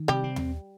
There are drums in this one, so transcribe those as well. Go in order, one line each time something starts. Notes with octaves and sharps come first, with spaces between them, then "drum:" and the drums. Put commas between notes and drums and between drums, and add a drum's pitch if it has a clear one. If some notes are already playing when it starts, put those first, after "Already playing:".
Already playing: D#3
C3 G3 G4
C4
drum: tom D#2